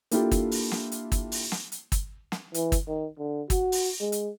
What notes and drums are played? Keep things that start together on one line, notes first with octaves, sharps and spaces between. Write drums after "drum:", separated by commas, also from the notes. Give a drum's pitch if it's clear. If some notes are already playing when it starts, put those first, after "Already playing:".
A#3 D4 E4 F4 G4 A4, drum: hi-hat
drum: kick, hi-hat
drum: open hi-hat
drum: snare
drum: hi-hat
drum: kick, hi-hat
drum: open hi-hat
drum: snare
drum: hi-hat
drum: kick, hi-hat
drum: snare
E3, drum: hi-hat
drum: kick, hi-hat
D#3
D3
F#4, drum: kick, hi-hat
drum: open hi-hat
G#3
drum: hi-hat